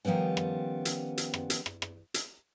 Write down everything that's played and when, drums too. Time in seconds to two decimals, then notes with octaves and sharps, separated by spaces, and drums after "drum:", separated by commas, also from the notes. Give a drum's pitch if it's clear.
0.05 D#3 F3 G3 B3 C#4
0.37 drum: rim click
0.85 drum: hi-hat
1.18 drum: hi-hat
1.34 drum: rim click
1.50 drum: hi-hat
1.66 drum: rim click
1.82 drum: rim click
2.14 drum: hi-hat